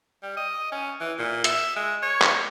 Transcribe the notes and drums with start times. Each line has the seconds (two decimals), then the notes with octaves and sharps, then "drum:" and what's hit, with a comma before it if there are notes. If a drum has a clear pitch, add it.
0.23 G3
0.37 D#5
0.72 C#4
1.00 E3
1.19 A#2
1.44 E5, drum: hi-hat
1.76 G#3
2.02 C#5
2.22 drum: clap